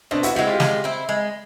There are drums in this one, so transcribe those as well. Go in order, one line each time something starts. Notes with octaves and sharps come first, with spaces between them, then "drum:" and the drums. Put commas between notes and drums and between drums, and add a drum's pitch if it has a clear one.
B2 C4 D4
E4 F#4, drum: hi-hat
G#3 C4 E4 F#4
F4 G4
G#3, drum: snare
C4 E4
G#3